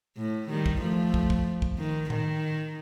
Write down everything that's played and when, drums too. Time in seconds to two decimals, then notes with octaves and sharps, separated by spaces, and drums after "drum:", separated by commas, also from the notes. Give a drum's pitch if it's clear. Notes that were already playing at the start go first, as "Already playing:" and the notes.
0.17 A2
0.50 D#3 G3
0.66 drum: kick
0.81 F3 A3
1.14 drum: kick
1.30 drum: kick
1.62 drum: kick
1.78 D#3
2.10 D#3, drum: tom A2